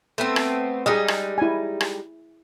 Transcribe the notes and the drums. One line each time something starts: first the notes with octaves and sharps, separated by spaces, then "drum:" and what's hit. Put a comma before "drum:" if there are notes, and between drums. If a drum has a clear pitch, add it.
A3 B3 C4
drum: rim click
G3 G#3 D#4 G#4 D#5
drum: rim click
E4 G#5
drum: rim click